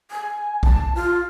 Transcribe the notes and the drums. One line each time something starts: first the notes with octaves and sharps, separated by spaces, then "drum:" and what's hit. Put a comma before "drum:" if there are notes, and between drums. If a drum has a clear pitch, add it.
G#5
A5, drum: kick B1
F4